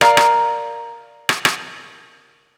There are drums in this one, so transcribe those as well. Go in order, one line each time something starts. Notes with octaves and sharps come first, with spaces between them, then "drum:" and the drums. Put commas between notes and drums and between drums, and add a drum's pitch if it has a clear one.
A#4 D5 F5 A#5, drum: rim click
drum: rim click
drum: rim click
drum: rim click